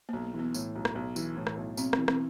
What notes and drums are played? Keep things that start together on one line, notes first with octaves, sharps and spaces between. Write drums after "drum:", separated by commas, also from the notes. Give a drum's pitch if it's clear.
B1 A#3
A#3
E3
B3
A2, drum: tambourine
B1
drum: rim click
B1
E3, drum: tambourine
A2
drum: rim click
B1
B1 C4, drum: tambourine
C4, drum: rim click
E3
C4, drum: rim click